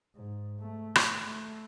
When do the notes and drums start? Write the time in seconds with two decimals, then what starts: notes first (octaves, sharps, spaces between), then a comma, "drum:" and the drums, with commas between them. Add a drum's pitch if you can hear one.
0.15 G#2
0.60 A3
0.95 drum: rim click
1.24 A3